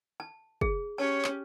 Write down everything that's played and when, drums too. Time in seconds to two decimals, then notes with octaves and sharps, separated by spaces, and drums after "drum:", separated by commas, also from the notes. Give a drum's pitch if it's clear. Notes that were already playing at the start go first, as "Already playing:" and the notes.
0.20 A5
0.61 G#4, drum: kick
0.98 C#4 G4 C#5 A5
1.24 drum: clap